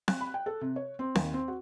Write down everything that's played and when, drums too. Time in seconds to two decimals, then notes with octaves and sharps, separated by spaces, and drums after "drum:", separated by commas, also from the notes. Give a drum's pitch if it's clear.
0.08 F#6, drum: snare C4
0.21 B5
0.34 G5
0.46 A4
0.61 C3
0.76 C#5
0.99 C4
1.15 D#2, drum: snare C4
1.34 C4
1.48 F#4